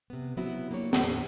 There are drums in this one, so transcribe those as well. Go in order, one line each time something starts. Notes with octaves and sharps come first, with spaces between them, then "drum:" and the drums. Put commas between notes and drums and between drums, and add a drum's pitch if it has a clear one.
C3 B3
C#3 F#3 B3 C4 E4 F#4
A#3 D4 G4 C#5
E2 A2 D3 F#3 A4, drum: snare